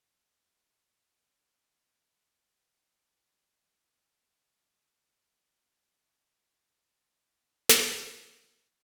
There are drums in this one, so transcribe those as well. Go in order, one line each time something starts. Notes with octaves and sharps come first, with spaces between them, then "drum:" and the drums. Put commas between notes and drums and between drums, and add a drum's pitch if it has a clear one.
E5
G5
D6
D#5
F#5
C5
A5
E5
G4
D#5
B2
G#3
D#2
E2
G2
C3
D#3 A3
drum: snare